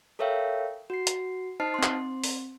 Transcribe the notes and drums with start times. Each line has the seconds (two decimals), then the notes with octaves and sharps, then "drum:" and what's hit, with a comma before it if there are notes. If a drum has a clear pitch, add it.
0.19 A4 A#4 C#5 E5 F5 G5
0.90 F#4 C7
1.07 drum: hi-hat
1.60 D#4 C5 D#5 A5 F6 C7
1.74 C4 C6
1.83 drum: clap
2.24 drum: open hi-hat